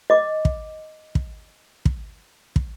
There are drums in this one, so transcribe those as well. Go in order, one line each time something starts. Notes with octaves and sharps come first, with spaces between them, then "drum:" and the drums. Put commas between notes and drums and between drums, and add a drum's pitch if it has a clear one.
D#5 D6
drum: kick
drum: kick
drum: kick
drum: kick